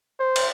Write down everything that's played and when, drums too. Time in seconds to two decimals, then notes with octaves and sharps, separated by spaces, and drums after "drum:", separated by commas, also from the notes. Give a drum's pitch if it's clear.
0.20 C5
0.36 drum: cymbal